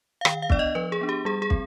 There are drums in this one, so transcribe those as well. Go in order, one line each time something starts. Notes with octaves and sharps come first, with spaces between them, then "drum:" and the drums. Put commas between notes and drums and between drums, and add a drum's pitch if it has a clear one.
F5
D#3 G5, drum: rim click
F5
B3 D4 D5, drum: kick
D#5
F3 B4
G#4
B3 D4
G4
G3 G#4
G#4
C4, drum: kick